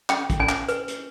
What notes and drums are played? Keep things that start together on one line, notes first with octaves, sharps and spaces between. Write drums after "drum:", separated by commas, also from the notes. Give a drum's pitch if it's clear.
C#4 G5, drum: clap
drum: kick, hi-hat
C#4 G#5
drum: clap
B4, drum: hi-hat
drum: hi-hat